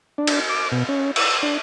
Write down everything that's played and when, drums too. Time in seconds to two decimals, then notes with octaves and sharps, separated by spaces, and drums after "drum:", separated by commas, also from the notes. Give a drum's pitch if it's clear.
0.18 D4
0.27 drum: cymbal
0.49 D6
0.72 B2
0.89 C#4
1.16 E6, drum: cymbal
1.43 D4